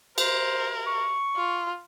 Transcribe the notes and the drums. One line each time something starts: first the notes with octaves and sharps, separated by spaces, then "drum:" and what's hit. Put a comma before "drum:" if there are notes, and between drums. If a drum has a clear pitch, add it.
A#4 C5, drum: cymbal
C#6
F4